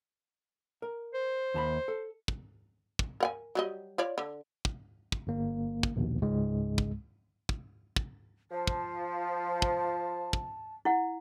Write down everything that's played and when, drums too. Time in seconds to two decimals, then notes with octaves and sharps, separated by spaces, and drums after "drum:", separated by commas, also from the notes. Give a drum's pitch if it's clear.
0.82 A#4
1.14 C5
1.54 D#2 A5 B5
1.88 A4
2.28 drum: kick
2.99 drum: kick
3.20 A#4 F#5 G#5
3.55 F#3 G3 D#5
3.98 F4 C#5 D5
4.18 D3
4.65 drum: kick
5.12 drum: kick
5.27 G1 A#3
5.83 drum: kick
5.96 A#1 D#2 B2
6.22 C#2 G#2 G#3
6.78 drum: kick
7.49 drum: kick
7.96 drum: kick
8.51 F3 A5
8.67 drum: kick
9.62 drum: kick
10.33 drum: kick
10.85 E4 F#5